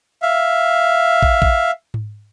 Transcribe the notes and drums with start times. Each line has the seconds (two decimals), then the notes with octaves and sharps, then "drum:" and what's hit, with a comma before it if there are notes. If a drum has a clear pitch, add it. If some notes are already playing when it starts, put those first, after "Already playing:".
0.22 E5 F5
1.23 drum: kick
1.42 drum: kick
1.94 drum: tom G#2